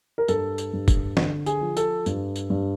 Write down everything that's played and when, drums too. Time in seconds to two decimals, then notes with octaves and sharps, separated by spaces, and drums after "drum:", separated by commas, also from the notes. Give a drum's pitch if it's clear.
0.18 A#4
0.28 G2 A4, drum: tambourine
0.58 drum: tambourine
0.73 G2
0.88 drum: kick, tambourine
1.17 D3, drum: snare
1.46 G#4, drum: tambourine
1.61 F3
1.77 A4, drum: tambourine
2.06 G2, drum: tambourine
2.36 drum: tambourine
2.50 G2